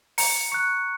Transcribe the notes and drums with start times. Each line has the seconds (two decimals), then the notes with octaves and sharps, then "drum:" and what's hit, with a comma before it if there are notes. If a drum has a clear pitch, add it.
0.18 A#5 C#7, drum: open hi-hat
0.52 C#6 F#6 C#7